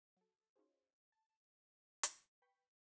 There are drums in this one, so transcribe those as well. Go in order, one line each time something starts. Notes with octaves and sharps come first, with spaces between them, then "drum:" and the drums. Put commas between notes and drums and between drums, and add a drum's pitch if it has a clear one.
F#3 A4
C#4 D#4 F4 F#4 G#4 C5
A5
drum: hi-hat
B4 G5 C#6 G6 B6